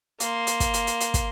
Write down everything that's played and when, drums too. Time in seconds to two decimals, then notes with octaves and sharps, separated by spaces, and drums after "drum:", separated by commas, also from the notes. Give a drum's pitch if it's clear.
0.20 A#3 C6, drum: hi-hat
0.47 drum: hi-hat
0.60 drum: kick, hi-hat
0.74 drum: hi-hat
0.87 drum: hi-hat
1.00 drum: hi-hat
1.14 drum: kick, hi-hat